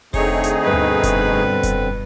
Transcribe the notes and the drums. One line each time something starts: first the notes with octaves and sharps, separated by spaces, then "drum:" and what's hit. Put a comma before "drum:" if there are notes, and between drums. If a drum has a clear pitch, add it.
D3 A3 C4 D#4 G#4 C#5, drum: kick F1, open hi-hat
drum: hi-hat
G2 B2 B4
drum: tom D2
drum: kick F1, hi-hat
drum: kick F1, hi-hat